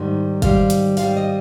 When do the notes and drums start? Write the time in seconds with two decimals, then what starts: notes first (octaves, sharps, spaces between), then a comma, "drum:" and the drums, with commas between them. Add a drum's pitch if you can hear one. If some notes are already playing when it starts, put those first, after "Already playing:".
Already playing: G#2 D#3 G3
0.42 G#2 D#3 G3 F5, drum: kick G1, hi-hat
0.70 drum: hi-hat
0.97 G#2 D#3 G3 F5, drum: open hi-hat
1.17 D#5